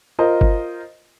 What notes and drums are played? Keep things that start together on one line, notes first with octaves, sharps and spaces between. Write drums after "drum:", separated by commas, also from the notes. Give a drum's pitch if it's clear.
F4 A#4 C5 D#5
drum: kick G1